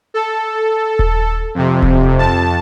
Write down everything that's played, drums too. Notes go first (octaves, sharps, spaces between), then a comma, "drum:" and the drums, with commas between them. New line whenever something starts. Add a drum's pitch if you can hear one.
A4
drum: kick D#1
F2 C3
drum: kick D#1
F2 A5